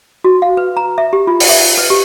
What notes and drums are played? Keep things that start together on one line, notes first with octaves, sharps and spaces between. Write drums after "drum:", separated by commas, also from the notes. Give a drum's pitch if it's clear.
F#4
F5
B4
A#5
E5
G4
F4
drum: open hi-hat
E5
B4
G4